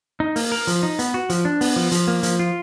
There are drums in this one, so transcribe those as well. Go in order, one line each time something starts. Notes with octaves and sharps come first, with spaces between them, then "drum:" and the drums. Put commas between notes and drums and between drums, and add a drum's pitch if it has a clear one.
D#4
A#3, drum: open hi-hat
A#4
F3, drum: hi-hat
D#4
B3, drum: hi-hat
F#4
F3, drum: hi-hat
D4
B3, drum: open hi-hat
F3
F3, drum: hi-hat
A#3
F3, drum: hi-hat
F4